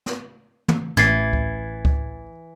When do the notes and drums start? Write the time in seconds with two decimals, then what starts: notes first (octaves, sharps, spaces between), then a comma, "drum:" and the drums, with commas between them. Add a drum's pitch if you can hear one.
0.06 drum: snare
0.68 drum: tom
0.97 A1 E3 G#6 A6 C7, drum: snare
1.33 drum: kick C#2
1.85 drum: kick C#2